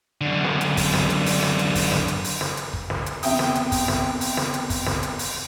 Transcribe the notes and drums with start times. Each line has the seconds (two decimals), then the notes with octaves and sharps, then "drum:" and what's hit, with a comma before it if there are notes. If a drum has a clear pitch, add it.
0.21 F#2 D3
0.44 drum: snare
0.61 drum: hi-hat
0.77 drum: kick, open hi-hat
0.93 drum: snare
1.10 drum: hi-hat
1.26 drum: open hi-hat
1.43 drum: snare
1.59 drum: hi-hat
1.75 drum: kick, open hi-hat
1.92 drum: snare
2.08 drum: hi-hat
2.24 drum: open hi-hat
2.41 drum: snare
2.57 drum: hi-hat
2.74 drum: kick
2.90 drum: snare
3.06 drum: hi-hat
3.23 E2 C3 E5 G5 D#6, drum: open hi-hat
3.39 drum: snare
3.55 drum: hi-hat
3.72 drum: kick, open hi-hat
3.88 drum: snare
4.21 drum: open hi-hat
4.37 drum: snare
4.54 drum: hi-hat
4.70 drum: kick, open hi-hat
4.86 drum: snare
5.03 drum: hi-hat
5.19 drum: open hi-hat